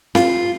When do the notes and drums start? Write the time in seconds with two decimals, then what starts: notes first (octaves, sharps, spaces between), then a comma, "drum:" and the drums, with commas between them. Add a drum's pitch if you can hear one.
0.15 F4, drum: snare C4